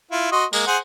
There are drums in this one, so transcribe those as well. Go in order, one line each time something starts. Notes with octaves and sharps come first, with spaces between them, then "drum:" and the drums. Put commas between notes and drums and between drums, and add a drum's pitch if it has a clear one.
E4 F4
F#4 D#5 C6
G#3 A#3, drum: tambourine
G#4 C5 F#5